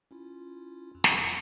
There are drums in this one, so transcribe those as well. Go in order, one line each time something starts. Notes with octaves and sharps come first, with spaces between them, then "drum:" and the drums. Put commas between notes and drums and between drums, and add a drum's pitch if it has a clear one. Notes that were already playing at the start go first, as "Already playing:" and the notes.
C#4 E4 F4
F2
drum: snare